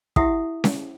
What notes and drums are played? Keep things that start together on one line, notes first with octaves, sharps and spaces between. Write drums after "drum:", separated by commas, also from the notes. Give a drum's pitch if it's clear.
E4 G4 E5 F#5 D#6, drum: kick
drum: snare C#4